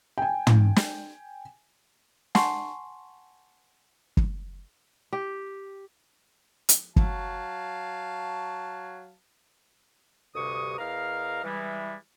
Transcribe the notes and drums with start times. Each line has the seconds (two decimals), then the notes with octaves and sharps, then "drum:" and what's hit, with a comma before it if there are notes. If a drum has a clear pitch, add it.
0.18 G5 G#5
0.47 drum: tom
0.76 drum: snare
2.35 F#5 G#5 A5 C6 C#6, drum: snare
4.17 drum: kick
5.13 G4
6.69 drum: hi-hat
6.96 F#3 F5 A5, drum: kick
10.35 D2 G2 C3 C#6 D#6
10.79 E2 A#4 D#5 F5
11.44 E3 G3 G#3